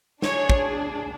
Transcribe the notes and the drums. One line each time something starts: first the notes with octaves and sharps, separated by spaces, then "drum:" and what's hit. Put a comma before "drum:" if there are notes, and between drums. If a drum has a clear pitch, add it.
D4 G#4 C#5, drum: snare
drum: kick